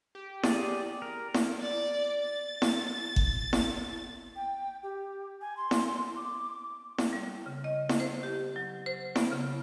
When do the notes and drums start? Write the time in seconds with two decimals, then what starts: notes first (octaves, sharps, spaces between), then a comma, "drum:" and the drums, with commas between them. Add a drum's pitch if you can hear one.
0.15 G4
0.43 G#4 D5, drum: snare E4
1.02 A#4
1.34 drum: snare E4
1.60 D5 A6
2.22 A6
2.62 drum: snare E4
3.16 drum: kick G1
3.53 drum: snare E4
4.36 G5
4.83 G4
5.41 G#5
5.57 C6
5.71 drum: snare E4
6.16 D6
6.98 drum: snare E4
7.13 G3
7.46 C#3
7.64 D#5
7.89 drum: snare E4
8.00 C5
8.23 G4
8.56 F#3
8.86 C5
9.16 B3, drum: snare E4
9.32 C#3